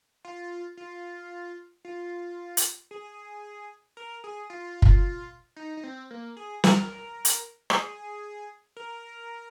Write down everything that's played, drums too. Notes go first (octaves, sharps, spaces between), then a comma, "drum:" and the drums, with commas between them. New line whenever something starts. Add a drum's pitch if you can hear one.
F4
F4
F4
drum: hi-hat
G#4
A#4
G#4
F4
drum: kick F#1
D#4
D#4
C4
A#3
G#4
A#4, drum: snare
drum: hi-hat
G#4, drum: rim click
A#4